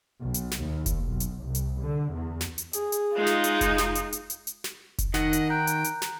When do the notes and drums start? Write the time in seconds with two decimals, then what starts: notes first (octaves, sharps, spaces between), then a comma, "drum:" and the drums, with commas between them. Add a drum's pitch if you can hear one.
0.22 B1
0.34 drum: hi-hat
0.51 drum: snare
0.63 D#2
0.86 drum: kick F1, hi-hat
1.06 B1
1.20 drum: hi-hat
1.43 C2
1.55 drum: hi-hat
1.81 D3
2.15 E2
2.41 drum: snare
2.58 drum: hi-hat
2.73 G#4, drum: hi-hat
2.92 drum: hi-hat
3.16 G#3 D#4 F4
3.27 drum: snare
3.44 drum: hi-hat
3.61 drum: kick F1, hi-hat
3.78 drum: snare
3.95 drum: hi-hat
4.12 drum: hi-hat
4.30 drum: hi-hat
4.47 drum: hi-hat
4.64 drum: snare
4.98 drum: kick F1, hi-hat
5.14 D#3 D#4 D#5 F#5, drum: snare
5.33 drum: hi-hat
5.50 G5 A#5 F#6
5.67 drum: hi-hat
5.84 drum: hi-hat
6.02 drum: snare